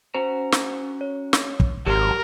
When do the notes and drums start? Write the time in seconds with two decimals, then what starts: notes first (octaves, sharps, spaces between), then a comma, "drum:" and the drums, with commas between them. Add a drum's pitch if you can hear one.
0.15 C#4 F#4 C5 A#5
0.52 drum: snare
1.01 C#5
1.33 drum: snare
1.60 drum: kick
1.87 G#1 F#3 G4 A#4 C6